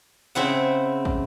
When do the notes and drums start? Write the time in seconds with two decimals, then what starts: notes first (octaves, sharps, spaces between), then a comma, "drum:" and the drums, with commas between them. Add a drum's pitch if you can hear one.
0.35 C#3 C4 E4 F#5
1.05 drum: kick